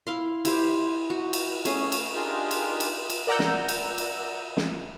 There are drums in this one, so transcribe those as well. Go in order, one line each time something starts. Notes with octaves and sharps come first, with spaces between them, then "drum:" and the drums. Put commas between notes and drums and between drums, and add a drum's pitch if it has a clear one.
E4 F5 C6
E4 G4 C5, drum: cymbal
F#4
drum: cymbal
A3 C#4 G#4, drum: cymbal
drum: cymbal
D4 D#4 F4 G4 G#4 A#4
drum: cymbal
drum: cymbal
drum: cymbal
A#4 D5 F#5 A#5 E6 G6
drum: snare
drum: cymbal
drum: cymbal
drum: snare